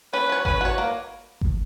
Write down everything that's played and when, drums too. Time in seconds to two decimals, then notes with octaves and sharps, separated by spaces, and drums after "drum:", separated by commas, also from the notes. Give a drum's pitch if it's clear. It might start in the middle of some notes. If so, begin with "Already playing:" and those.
0.13 C#4 B4
0.29 F#4 C#5
0.45 C#4 B4, drum: kick G#1
0.61 F#4 C#5
0.78 A#3
1.41 drum: kick G#1